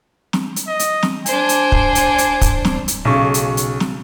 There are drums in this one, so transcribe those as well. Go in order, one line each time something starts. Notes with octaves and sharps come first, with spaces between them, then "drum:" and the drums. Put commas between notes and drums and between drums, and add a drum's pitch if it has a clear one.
drum: snare
drum: hi-hat
D#5
drum: hi-hat
drum: snare
D4 C5 G#5, drum: hi-hat
drum: hi-hat
drum: kick
drum: hi-hat
drum: hi-hat
drum: kick, hi-hat
drum: snare
drum: hi-hat
B1 C#3 C#6
drum: hi-hat
drum: hi-hat
drum: snare